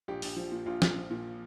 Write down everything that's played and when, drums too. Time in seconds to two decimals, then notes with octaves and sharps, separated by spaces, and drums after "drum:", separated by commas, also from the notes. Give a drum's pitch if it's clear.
0.08 A#1 G4
0.22 A#1, drum: open hi-hat
0.37 F3
0.51 A#2
0.66 A#1 F4
0.82 A#1, drum: snare
0.96 F3
1.11 A#2